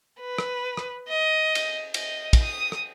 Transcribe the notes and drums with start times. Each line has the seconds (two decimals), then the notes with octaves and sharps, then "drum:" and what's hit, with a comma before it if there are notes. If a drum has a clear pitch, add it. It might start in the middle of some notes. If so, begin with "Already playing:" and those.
0.20 B4
0.38 drum: rim click
0.77 drum: rim click
1.08 D#5
1.55 drum: cymbal
1.94 D#5, drum: cymbal
2.33 drum: kick, cymbal
2.43 D#6
2.72 drum: rim click